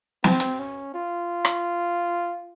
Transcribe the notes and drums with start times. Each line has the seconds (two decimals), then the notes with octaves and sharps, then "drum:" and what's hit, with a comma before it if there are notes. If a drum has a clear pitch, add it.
0.24 C4, drum: snare
0.40 drum: hi-hat
0.59 C#4
0.94 F4
1.45 drum: rim click